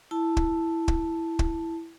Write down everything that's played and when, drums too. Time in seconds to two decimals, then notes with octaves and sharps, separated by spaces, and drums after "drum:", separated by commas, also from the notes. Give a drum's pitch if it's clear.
0.11 E4 A5
0.37 drum: kick
0.88 drum: kick
1.39 drum: kick